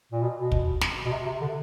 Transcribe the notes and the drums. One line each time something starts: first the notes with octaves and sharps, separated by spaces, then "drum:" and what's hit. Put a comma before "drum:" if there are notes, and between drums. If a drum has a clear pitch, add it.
A#2
B2
B2
drum: kick
drum: snare
B2
C3
C3
D3